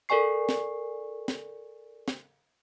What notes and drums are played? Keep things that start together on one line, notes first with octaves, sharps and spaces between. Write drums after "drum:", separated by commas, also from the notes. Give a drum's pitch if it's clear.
A4 A#4 D5 G#5 C#6 C7
drum: snare
drum: snare
drum: snare